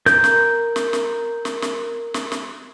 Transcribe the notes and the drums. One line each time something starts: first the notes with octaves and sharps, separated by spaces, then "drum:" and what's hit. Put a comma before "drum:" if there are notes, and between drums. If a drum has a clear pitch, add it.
A#4 G6, drum: snare
drum: snare
drum: snare
drum: snare
drum: snare
drum: snare
drum: snare
drum: snare